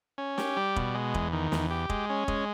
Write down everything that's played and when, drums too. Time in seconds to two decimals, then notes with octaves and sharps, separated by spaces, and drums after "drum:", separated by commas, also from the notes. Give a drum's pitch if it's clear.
0.18 C#4
0.38 G4, drum: snare
0.57 G3
0.76 B2, drum: kick F1
0.94 G#3
1.14 E2, drum: kick F1
1.33 D#3
1.52 E2, drum: snare
1.70 G4
1.90 G#3, drum: kick F1
2.10 C#4
2.28 G#3, drum: kick F1